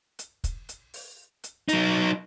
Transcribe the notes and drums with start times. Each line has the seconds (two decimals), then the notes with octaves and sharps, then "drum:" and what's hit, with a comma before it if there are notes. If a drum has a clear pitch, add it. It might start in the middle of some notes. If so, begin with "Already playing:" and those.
0.19 drum: hi-hat
0.44 drum: kick, hi-hat
0.69 drum: hi-hat
0.94 drum: open hi-hat
1.44 drum: hi-hat
1.69 F#3 D#4, drum: hi-hat